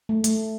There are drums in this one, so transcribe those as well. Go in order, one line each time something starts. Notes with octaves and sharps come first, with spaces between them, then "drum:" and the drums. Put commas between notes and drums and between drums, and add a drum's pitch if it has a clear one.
A3
A3, drum: hi-hat